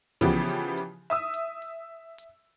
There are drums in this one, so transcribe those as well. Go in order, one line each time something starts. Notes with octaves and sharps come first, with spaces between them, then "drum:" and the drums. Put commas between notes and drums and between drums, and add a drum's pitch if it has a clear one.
C#3 E3 F3 B3 G4, drum: kick, hi-hat
drum: hi-hat
drum: hi-hat
E5 D#6 E6
drum: hi-hat
drum: open hi-hat
drum: hi-hat